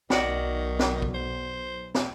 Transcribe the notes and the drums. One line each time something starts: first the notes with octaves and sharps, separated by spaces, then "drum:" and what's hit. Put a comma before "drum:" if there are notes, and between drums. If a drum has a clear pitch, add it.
B1 D#3 F#4 D5, drum: snare
drum: snare
drum: kick
C5
drum: snare